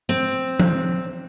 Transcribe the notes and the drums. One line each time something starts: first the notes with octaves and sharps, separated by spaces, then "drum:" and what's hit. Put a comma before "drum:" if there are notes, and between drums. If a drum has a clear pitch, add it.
C4
drum: tom